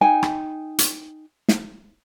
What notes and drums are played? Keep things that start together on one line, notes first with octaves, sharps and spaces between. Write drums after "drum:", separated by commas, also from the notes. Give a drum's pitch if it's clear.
D#4 G5 G#5
drum: rim click
drum: hi-hat
drum: snare